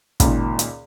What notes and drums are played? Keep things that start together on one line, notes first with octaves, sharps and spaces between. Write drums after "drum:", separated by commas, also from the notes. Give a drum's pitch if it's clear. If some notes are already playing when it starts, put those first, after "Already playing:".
C#2 A#2 D#3, drum: kick, hi-hat
drum: hi-hat